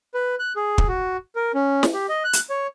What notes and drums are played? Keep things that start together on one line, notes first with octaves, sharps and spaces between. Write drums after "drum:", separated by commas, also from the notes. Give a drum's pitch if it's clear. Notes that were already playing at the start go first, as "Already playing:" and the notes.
B4
F#6
G#4
drum: kick
F#4
A#4
C#4
drum: snare
G4
D#5
F#6
drum: hi-hat
C#5